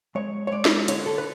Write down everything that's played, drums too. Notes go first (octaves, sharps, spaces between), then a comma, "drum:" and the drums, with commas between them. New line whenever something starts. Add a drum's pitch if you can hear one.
G#3 C#5
C#5
G#3 D5
drum: snare
D3 C#5, drum: hi-hat
A4
B4